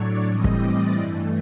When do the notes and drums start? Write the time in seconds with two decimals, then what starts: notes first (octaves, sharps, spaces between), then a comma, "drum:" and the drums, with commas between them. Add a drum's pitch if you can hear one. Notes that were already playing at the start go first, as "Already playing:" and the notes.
Already playing: A2 F#3 A3 D4 C#5 D5
0.27 A2 E3 G3 C4 D#5
0.44 drum: kick
0.62 D5
0.96 G2 E3 A3